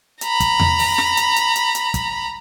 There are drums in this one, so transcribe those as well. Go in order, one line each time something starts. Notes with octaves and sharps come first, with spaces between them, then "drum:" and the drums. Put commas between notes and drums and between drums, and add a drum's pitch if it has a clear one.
A#5 B5, drum: hi-hat
drum: kick, hi-hat
drum: tom E2
drum: open hi-hat
drum: snare
drum: hi-hat
drum: hi-hat
drum: hi-hat
drum: hi-hat
drum: kick, hi-hat